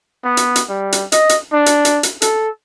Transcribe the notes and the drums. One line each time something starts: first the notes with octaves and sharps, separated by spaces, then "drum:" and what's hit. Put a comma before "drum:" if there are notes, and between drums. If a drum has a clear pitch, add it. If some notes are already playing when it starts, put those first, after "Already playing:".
B3
drum: hi-hat
drum: hi-hat
G3
drum: hi-hat
D#5, drum: hi-hat
drum: hi-hat
D4
drum: hi-hat
drum: hi-hat
drum: hi-hat
A4, drum: hi-hat